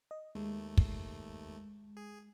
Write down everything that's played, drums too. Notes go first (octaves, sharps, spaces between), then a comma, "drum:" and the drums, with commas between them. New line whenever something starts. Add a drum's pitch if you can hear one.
D#5
D#2 G#3 A3
drum: kick
G#4